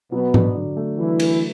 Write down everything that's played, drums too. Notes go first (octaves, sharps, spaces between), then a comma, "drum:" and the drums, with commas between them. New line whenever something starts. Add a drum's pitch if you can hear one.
B2 F#3 B3
D4, drum: tom G#2
D3
A3
E3 F#3 E4
D4, drum: cymbal